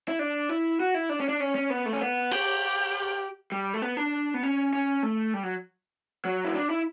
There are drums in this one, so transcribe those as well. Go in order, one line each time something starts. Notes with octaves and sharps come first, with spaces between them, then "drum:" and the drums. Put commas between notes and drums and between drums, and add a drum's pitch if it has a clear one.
E4
D4
E4
F#4
E4
D4
C#4
D4
C#4
C#4
B3
A3
C#4
B3
G4, drum: cymbal
G3
A3
B3
D4
B3
C#4
C#4
A3
G3
F#3
F#3
E4
D4
E4